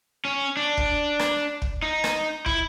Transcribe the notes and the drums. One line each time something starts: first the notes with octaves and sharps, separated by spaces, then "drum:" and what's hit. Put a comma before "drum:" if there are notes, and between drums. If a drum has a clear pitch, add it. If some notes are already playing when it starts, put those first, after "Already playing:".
C#4
D4
drum: kick
drum: rim click
drum: kick
D#4
drum: rim click
E4, drum: kick